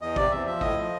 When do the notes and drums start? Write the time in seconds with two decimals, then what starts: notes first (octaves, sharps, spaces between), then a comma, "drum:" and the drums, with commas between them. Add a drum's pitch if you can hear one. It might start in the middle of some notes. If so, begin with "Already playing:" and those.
0.01 E2 D#5
0.16 C3 D5, drum: kick
0.31 E2 E5
0.47 F3 E5
0.61 A2 D#5, drum: kick
0.77 F3